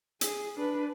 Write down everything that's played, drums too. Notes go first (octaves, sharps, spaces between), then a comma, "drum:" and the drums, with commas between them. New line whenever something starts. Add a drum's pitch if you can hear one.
G#4, drum: hi-hat
D4 B4